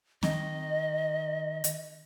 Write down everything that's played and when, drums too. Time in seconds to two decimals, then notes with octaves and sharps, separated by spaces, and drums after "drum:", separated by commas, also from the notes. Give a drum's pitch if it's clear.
0.23 D#3 D#5, drum: snare C4
1.64 drum: hi-hat